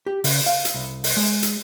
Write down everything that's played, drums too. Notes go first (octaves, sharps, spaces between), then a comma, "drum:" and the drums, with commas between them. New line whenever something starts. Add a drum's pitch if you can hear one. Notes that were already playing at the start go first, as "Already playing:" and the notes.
G4
C#3, drum: open hi-hat
F5
drum: hi-hat
C2
drum: open hi-hat
G#3
drum: hi-hat